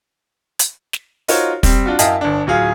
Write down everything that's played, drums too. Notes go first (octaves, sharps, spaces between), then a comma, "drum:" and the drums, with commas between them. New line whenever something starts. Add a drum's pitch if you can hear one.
drum: hi-hat
drum: snare
D#4 F4 F#4 A#4 C5 C#5, drum: open hi-hat
G3 C4, drum: kick, open hi-hat
D4 F4 F#4
F#2 E4 D#5 F5 G5 A5, drum: hi-hat
G1 D4
D1 F#3 F4 G#4 F5